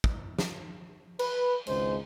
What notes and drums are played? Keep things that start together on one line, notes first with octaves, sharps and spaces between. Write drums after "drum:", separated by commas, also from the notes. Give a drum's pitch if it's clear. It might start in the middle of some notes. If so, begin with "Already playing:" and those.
drum: kick
drum: snare
B4, drum: cymbal
G#1 C#2 G#3 C5, drum: cymbal